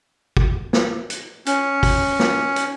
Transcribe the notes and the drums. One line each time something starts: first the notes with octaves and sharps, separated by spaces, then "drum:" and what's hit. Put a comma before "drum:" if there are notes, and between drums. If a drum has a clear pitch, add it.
drum: kick
drum: snare
drum: hi-hat
C#4, drum: hi-hat
drum: kick, open hi-hat
drum: snare
drum: hi-hat